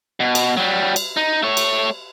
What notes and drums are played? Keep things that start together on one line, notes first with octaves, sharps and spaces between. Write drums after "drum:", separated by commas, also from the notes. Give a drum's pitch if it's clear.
B2
drum: cymbal
F#3 G3
drum: cymbal
D#4
A3 C#5
drum: cymbal